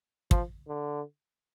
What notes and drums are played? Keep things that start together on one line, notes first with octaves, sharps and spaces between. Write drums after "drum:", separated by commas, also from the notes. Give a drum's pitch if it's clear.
F3, drum: kick
D3